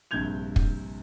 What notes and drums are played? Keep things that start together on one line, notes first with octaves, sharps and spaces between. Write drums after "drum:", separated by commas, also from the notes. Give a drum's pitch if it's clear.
A#1 G2 C3 G6 G#6 F7
drum: kick